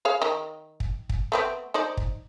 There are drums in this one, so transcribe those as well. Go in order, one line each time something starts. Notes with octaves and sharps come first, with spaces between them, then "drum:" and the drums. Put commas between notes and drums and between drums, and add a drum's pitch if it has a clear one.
G#4 C#5 F5
D#3
drum: kick
drum: kick
A3 B3 C4
D#4 C5 D5
drum: kick